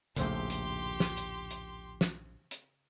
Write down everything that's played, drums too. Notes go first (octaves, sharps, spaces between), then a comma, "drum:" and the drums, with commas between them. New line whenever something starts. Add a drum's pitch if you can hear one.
A#1 D#2 A2 C#3 A3 G4 C5 C6, drum: hi-hat
drum: hi-hat
drum: snare
drum: hi-hat
drum: hi-hat
drum: snare
drum: hi-hat